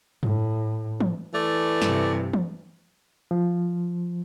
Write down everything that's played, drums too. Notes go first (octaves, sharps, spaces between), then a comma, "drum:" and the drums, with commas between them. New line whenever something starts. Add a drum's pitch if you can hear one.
A2, drum: tom G2
drum: tom E3
E3 A3 D5
G2 C3, drum: snare
drum: tom E3
F3